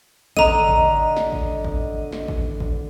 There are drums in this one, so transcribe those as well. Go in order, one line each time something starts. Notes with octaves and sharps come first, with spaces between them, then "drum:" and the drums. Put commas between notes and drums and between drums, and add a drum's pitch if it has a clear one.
D3 D#5 A#5 D#7, drum: kick
drum: kick
drum: snare
drum: kick
drum: kick
drum: snare
drum: kick
drum: kick